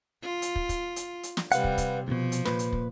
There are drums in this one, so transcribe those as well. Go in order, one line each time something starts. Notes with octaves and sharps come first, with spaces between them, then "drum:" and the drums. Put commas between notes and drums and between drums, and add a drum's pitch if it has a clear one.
F4
drum: hi-hat
drum: kick
drum: kick, hi-hat
drum: hi-hat
drum: hi-hat
drum: snare
C3 G3 B4 F5 F#5, drum: hi-hat
drum: kick
drum: kick, hi-hat
D2 B2 F3
drum: hi-hat
A#2 B4, drum: snare
drum: hi-hat
drum: kick